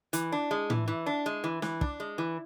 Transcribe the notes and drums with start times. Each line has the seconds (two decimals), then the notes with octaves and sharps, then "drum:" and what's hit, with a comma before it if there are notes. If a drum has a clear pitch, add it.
0.13 E3, drum: hi-hat
0.32 D4
0.51 G#3
0.70 E3, drum: tom A2
0.88 E3
1.06 D4
1.26 G#3
1.44 E3
1.62 E3, drum: snare
1.81 D4, drum: kick
2.00 G#3
2.18 E3